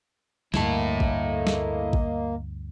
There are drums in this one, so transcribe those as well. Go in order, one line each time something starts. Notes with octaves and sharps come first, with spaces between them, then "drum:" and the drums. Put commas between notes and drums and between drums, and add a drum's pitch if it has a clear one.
D2 G2 A#3 E4 A4 D#5, drum: snare
drum: kick A1
drum: snare
drum: kick A1